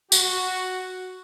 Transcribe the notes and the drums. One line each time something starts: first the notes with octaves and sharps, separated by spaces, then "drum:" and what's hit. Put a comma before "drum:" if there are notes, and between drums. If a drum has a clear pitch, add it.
F#4, drum: tambourine